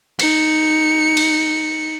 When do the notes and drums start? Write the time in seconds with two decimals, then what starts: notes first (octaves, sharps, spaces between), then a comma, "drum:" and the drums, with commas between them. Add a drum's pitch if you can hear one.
0.19 D#4 C#7, drum: cymbal
1.17 drum: cymbal